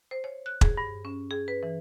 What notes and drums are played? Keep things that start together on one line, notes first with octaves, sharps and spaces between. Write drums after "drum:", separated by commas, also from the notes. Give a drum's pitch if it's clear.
C5
C#5
F#6
G#4, drum: kick E1
G2
C#4
G#4
B4
E3